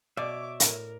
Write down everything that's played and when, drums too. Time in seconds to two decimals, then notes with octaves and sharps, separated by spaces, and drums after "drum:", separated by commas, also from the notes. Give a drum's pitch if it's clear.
0.17 B2 C#5 D5 E5 D6
0.60 A2 A#4, drum: hi-hat